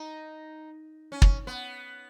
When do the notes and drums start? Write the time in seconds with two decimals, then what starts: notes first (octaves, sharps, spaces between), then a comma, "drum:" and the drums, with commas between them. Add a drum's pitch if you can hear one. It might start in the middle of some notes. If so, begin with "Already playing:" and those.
Already playing: D#4
1.12 C#4
1.22 drum: kick
1.47 B3